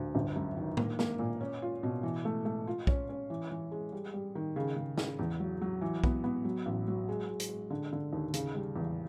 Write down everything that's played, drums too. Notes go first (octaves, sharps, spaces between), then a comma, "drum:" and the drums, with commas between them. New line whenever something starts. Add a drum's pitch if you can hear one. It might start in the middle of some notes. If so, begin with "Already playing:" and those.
Already playing: D2
G1
F#2
D#3
A#3, drum: tom A2
A#3, drum: snare
A#2
C#4
F4
B2
E3
A3
A3
F4
C#4, drum: kick
C#4
E3
E3
G#3
G3
G3
D#3
C#3
C#3
C#3, drum: snare
E2
F#3
F#3
E3
B3, drum: kick
B3
F#3
A1
F#3
G#3
G#3
drum: hi-hat
G#3
D3
D3
D#2
C#3, drum: hi-hat
G3
E2